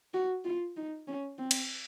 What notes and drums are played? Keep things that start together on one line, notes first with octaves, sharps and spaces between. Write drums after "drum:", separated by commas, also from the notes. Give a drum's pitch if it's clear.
F#4
F4
D#4
C#4
C4
drum: cymbal